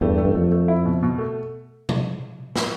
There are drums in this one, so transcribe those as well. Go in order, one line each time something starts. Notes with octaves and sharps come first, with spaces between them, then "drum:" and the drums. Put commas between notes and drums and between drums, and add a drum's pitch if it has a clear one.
E2 G2 A3
A3
G2
F2 A3
A3
E4
B2
B2
A3
drum: tom B2
drum: snare